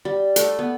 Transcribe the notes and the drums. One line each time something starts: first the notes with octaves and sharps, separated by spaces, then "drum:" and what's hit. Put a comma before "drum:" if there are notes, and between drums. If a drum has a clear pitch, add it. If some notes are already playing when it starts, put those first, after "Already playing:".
G3
A3, drum: hi-hat
B3